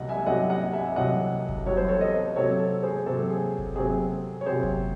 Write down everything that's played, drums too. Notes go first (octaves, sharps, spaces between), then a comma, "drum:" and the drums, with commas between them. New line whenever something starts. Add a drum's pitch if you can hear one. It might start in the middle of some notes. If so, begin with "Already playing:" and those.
Already playing: C2 C3 F#3 D#5 F#5
E5 G#5
C2 C3 F#3 D#5 F#5
D#5 F#5
E5 G#5
C2 C3 F#3 D#5 F#5
drum: kick F#1
C2 C3 F#3 C#5
C5
A4 C#5
C5 D#5
C3 F#3 C4 A4 C#5
A4
G#4 C5
C3 F#3 C4 A4
G#4
drum: kick F#1
C3 F#3 C4 G#4
C#5
C3 F#3 C4 G#4 C5
drum: kick F#1